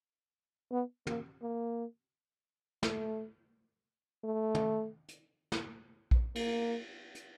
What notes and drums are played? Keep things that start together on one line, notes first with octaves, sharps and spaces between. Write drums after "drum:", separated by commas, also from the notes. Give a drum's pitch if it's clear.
B3
A#3, drum: tom
A#3
A3, drum: snare
A3
drum: tom
drum: hi-hat
drum: snare
drum: kick A#1
A#3, drum: cymbal
drum: hi-hat